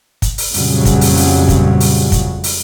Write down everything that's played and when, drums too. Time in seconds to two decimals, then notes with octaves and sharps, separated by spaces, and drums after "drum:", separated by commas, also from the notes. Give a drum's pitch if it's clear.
0.22 drum: kick, hi-hat
0.38 drum: open hi-hat
0.54 F2 A#2 C#3 F#3 G3, drum: open hi-hat
0.85 drum: kick, hi-hat
1.01 drum: open hi-hat
1.17 drum: open hi-hat
1.49 drum: kick, hi-hat
1.80 drum: open hi-hat
2.12 drum: kick, hi-hat
2.44 drum: open hi-hat